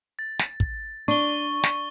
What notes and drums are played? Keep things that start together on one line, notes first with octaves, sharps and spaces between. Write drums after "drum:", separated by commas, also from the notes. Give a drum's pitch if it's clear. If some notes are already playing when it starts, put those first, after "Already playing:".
A6
drum: snare
drum: kick
D4 C#6 G7
drum: snare